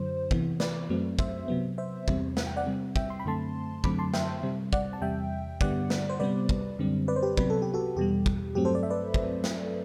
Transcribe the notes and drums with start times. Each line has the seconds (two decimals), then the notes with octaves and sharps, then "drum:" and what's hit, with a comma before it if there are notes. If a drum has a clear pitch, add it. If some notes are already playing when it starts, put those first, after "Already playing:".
Already playing: F#2 D3 F#3 C5
0.31 C3 E3 B3, drum: kick
0.60 B4 D5, drum: snare
0.90 F#2 F#3 A3 C4
1.19 C5 E5, drum: kick
1.48 C3 F#3 B3
1.78 C5 E5
2.08 E2 C3 G3 C4, drum: kick
2.37 F#5, drum: snare
2.47 G5
2.56 D5 F#5
2.66 C3 G3 C4
2.96 E5 G5, drum: kick
3.10 C6
3.20 B5
3.25 F#2 D3 A3 C4 A5 C6
3.84 F#2 D3 F#3 A3 C4 B5 D6, drum: kick
3.99 A5 C6
4.14 E5 G5, drum: snare
4.43 C3 G3 C4
4.73 D5 F#5, drum: kick
4.93 A5
5.01 E2 C3 G3 E5 G5
5.61 G2 D3 G3 B3 D5 F#5, drum: kick
5.90 drum: snare
6.10 C5
6.20 C3 G3 B3 B4 D5
6.49 drum: kick
6.79 F#2 D3 G3 C4
7.08 B4 D5
7.16 C5
7.23 G4 B4
7.37 C3 F#3 B3 B4, drum: kick
7.50 A4
7.62 G4
7.74 F#4 A4
7.96 E2 B2 G3 G4
8.26 drum: kick
8.55 G2 F#3 A3 C4 G4
8.65 A4 C5
8.75 D5
8.83 E5
8.90 B4 D5
9.14 drum: kick
9.44 drum: snare